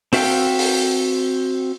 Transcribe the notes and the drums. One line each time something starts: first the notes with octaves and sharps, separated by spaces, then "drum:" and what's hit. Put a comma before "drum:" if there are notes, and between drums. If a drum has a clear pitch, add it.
C4 F#4 E5 F5 G5, drum: open hi-hat
drum: open hi-hat